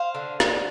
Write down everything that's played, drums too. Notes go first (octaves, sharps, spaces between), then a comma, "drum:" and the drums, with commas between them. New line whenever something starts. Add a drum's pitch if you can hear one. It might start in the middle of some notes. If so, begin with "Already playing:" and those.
Already playing: C5 F5
D3
D3, drum: snare